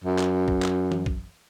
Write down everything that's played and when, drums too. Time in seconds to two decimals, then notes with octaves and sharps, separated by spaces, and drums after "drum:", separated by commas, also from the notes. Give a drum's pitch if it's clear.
0.04 F#2
0.19 drum: clap
0.48 drum: kick
0.62 drum: clap
0.92 drum: tom E3
1.06 drum: kick